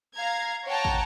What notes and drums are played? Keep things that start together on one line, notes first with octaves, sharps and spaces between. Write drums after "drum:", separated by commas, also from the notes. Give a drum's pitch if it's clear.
F5 A#5 G#6
C#5 F#5 G5 A5 A#5
drum: kick